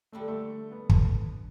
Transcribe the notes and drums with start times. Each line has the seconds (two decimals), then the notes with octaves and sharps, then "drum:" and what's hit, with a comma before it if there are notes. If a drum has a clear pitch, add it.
0.12 D3 G3 A3 D4
0.28 A3
0.72 B3
0.89 drum: kick